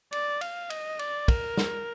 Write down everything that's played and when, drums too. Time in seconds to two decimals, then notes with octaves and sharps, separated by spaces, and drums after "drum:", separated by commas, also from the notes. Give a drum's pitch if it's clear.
0.12 D5, drum: cymbal
0.41 F5, drum: cymbal
0.70 D#5, drum: cymbal
0.99 D5, drum: cymbal
1.28 A#4, drum: kick, cymbal
1.57 drum: snare